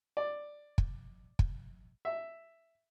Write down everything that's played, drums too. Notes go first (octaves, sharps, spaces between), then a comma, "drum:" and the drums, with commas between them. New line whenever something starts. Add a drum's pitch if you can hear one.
D5
drum: kick
drum: kick
E5